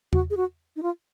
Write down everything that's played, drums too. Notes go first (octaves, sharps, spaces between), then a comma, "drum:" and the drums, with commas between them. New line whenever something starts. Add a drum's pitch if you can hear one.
F#4, drum: tom E2
G#4
F#4
D#4
F4